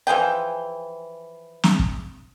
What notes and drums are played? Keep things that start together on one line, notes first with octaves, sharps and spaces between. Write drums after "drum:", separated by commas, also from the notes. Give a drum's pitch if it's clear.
E3 F3 G#4 G5
drum: snare
drum: kick